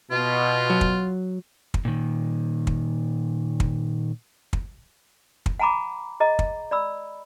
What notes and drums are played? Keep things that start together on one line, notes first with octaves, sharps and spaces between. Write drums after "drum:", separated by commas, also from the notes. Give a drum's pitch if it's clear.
B2 F4
F#3
drum: kick
drum: kick
A#2 D#3
drum: kick
drum: kick
drum: kick
drum: kick
F#5 G#5 A#5 B5 D6
G#4 D#5 A#5
drum: kick
D5 B5 E6